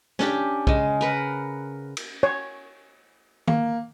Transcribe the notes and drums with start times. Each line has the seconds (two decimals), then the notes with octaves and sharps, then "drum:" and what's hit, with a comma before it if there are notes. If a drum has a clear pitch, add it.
0.19 C#4 D4 G4, drum: snare
0.67 C#3 G#3, drum: kick B1
1.01 A#4 B4 F#5
1.97 drum: cymbal
2.23 C#5
3.47 A#3, drum: tom D#3